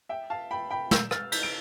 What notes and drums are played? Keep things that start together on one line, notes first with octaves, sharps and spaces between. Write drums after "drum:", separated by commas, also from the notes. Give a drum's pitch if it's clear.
E5 G5
F5 A5
G5 B5
G5 B5
E6 G6, drum: snare
F6 A6, drum: rim click
G6 B6, drum: cymbal
D7